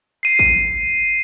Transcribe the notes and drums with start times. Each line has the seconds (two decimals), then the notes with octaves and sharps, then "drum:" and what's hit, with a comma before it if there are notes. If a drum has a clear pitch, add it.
0.23 C7 D#7
0.39 drum: kick